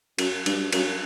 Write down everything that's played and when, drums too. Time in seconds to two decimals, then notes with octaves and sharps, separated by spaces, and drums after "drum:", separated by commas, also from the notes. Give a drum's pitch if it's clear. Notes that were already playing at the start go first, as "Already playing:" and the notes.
0.19 F#2, drum: cymbal
0.46 G2, drum: cymbal
0.73 F#2, drum: cymbal